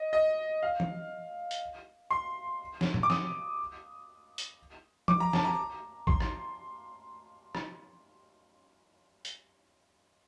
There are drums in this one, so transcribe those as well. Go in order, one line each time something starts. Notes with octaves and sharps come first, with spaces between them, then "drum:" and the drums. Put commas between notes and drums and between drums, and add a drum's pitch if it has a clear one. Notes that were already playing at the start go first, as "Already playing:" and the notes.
Already playing: D#5
D#5
F5
drum: tom E3
drum: hi-hat
C6
drum: snare
drum: tom
D6
D#6, drum: snare
drum: hi-hat
D6, drum: tom F3
A#5
A5, drum: snare
A#5
C6, drum: kick A1
drum: rim click
drum: rim click
drum: hi-hat